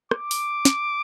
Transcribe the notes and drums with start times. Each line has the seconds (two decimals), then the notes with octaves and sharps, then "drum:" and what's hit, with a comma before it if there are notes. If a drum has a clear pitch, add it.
0.11 D6, drum: rim click
0.31 drum: open hi-hat
0.65 drum: snare